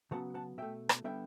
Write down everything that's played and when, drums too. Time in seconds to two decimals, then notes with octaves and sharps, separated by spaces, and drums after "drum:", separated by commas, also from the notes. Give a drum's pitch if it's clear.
0.11 C#3 F#3 B3 F#5 A5
0.34 F#5 A5
0.58 B2 A3 E5 G5
0.89 drum: rim click
1.04 D3 G3 B3 E5 G5